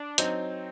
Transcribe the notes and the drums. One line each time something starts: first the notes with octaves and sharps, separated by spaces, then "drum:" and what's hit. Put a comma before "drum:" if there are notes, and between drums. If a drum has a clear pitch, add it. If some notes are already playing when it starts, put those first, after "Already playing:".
Already playing: D4
F#3 C4 D#4, drum: hi-hat